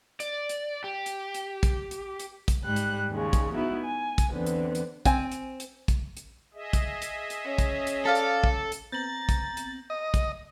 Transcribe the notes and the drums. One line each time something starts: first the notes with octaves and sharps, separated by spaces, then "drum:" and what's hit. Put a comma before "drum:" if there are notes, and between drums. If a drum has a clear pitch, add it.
D5, drum: hi-hat
drum: hi-hat
G4
drum: hi-hat
drum: hi-hat
drum: kick, hi-hat
drum: hi-hat
drum: hi-hat
drum: kick, hi-hat
G#2 G3 F#6
drum: hi-hat
D#2 C#3 G#3 C#5
drum: kick, hi-hat
B3 D#4 E4 F#4
G#5
drum: kick, hi-hat
E2 D3 E3 B3 C4
drum: hi-hat
drum: hi-hat
C4 G#5, drum: kick, hi-hat
drum: hi-hat
drum: hi-hat
drum: kick, hi-hat
drum: hi-hat
G#4 D#5 E5
drum: kick, hi-hat
drum: hi-hat
drum: hi-hat
C#4
drum: kick, hi-hat
drum: hi-hat
A4 D5 F5 A5
drum: hi-hat
drum: kick
drum: hi-hat
B3 C4 A#5 G6 A6 A#6 F#7
drum: kick, hi-hat
drum: hi-hat
D#5
drum: kick, hi-hat